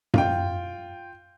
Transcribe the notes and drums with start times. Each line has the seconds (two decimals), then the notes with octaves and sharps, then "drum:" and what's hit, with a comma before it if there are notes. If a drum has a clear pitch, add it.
0.14 F4 G5, drum: tom F#2